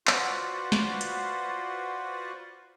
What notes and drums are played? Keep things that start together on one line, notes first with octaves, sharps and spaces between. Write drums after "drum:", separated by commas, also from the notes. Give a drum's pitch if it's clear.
F4 F#4 B4 C5 D5 F#5, drum: clap
drum: snare
drum: hi-hat